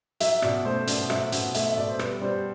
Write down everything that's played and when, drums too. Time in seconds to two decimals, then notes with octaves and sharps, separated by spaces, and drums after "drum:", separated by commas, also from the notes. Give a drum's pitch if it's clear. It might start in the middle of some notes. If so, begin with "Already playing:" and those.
0.20 F#3 E5, drum: hi-hat
0.42 B2 D5, drum: rim click
0.65 A3 C5
0.87 B2 D5, drum: hi-hat
1.10 F#3 E5, drum: rim click
1.32 B2 F#5, drum: hi-hat
1.54 A3 E5, drum: hi-hat
1.69 E5
1.77 B2 D5
1.88 C5
1.99 G3 B4, drum: rim click
2.21 G3 C5